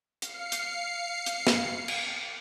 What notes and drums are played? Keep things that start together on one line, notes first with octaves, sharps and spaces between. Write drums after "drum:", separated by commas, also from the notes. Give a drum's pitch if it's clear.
F5 C7 C#7, drum: hi-hat
drum: hi-hat
drum: hi-hat
drum: snare
drum: cymbal